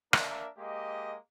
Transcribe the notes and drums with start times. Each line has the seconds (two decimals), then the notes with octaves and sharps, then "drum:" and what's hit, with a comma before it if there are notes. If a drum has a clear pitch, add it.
0.13 A#3 D4 A#4 E5, drum: rim click
0.58 G#3 A#3 G4 D#5